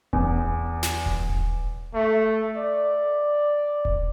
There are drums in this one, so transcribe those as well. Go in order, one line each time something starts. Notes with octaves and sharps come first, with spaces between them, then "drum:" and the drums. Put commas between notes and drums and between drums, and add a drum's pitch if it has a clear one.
E2, drum: kick D#1
drum: snare
drum: kick D#1
drum: kick D#1
A3
D5
drum: kick D#1